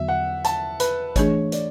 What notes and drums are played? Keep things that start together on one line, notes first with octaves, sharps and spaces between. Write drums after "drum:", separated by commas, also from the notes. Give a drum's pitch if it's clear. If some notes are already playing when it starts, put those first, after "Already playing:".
Already playing: E2 D3 F#3 B3 F#4 E5
F#5
A5, drum: hi-hat
B4, drum: hi-hat
E3 A3 D4 G#4 C#5, drum: kick G#1, hi-hat
D5, drum: hi-hat